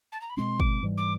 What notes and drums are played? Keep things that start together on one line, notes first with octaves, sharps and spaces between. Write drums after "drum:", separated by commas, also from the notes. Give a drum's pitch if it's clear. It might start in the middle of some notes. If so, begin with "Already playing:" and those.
A5
A#5
B5
B2 G#3 C4 C6
D6, drum: kick
G#2 E3 G3
D6